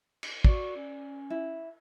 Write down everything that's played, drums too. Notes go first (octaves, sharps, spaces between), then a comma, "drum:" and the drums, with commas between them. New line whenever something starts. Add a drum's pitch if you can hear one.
drum: cymbal
F#4 D5, drum: kick
C#4
E4